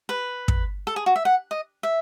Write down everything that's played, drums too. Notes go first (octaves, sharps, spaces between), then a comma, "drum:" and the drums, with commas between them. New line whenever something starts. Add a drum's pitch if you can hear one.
B4
drum: kick
A4
G#4
F#4
E5
F#5
D#5
E5